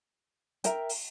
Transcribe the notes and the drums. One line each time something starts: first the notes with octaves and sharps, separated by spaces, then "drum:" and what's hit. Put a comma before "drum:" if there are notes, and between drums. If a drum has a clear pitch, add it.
A#4 E5 G5 A#5, drum: hi-hat
drum: open hi-hat